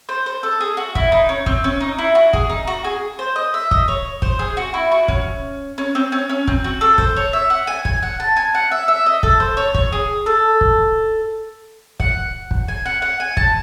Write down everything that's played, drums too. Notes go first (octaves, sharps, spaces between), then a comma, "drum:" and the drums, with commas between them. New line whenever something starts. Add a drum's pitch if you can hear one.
C5
C5
A4
G#4
F#4
E4, drum: kick
D#4
C#4
C4, drum: kick
C#4
D#4
E4
F#4
G#4, drum: kick
D#4
F#4
G#4
C5
D#5
E5
D#5, drum: kick
C#5
C5, drum: kick
G#4
F#4
E4
F#4
C#4, drum: kick
C#4
C4
C#4
C#4
C4, drum: kick
F#4
A4
C5, drum: kick
C#5
E5
F#5
G#5
G#5, drum: kick
F#5
A5
G#5
F#5
E5
E5
D#5
A4, drum: kick
C5
C#5
C#5, drum: kick
G#4
A4
drum: kick
F#5, drum: kick
drum: kick
G#5
F#5
F#5
G#5
A5, drum: kick